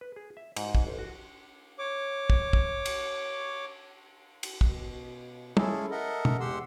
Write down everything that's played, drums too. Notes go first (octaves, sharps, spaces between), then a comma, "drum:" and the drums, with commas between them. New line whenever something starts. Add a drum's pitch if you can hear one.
B4
G#4
E5
G#2, drum: cymbal
G#2, drum: kick
A1
F#4
C#5 D6
drum: kick
drum: kick
drum: cymbal
drum: cymbal
B2, drum: kick
G#3 C#4 E4 G#4 A4, drum: tom
A4 A#4 D#5 E5 F#5
drum: tom
E2 G#3 G4 F#5 C6 E6